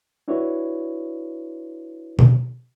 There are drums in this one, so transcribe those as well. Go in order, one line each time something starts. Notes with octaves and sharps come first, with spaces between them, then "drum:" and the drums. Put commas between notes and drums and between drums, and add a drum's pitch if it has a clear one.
D4 E4 F#4 B4 C#5
drum: tom B2